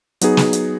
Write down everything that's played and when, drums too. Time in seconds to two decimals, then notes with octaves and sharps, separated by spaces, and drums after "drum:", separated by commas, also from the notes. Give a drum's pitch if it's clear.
0.21 F#3 B3 D#4 G#4, drum: hi-hat
0.37 drum: snare
0.53 drum: hi-hat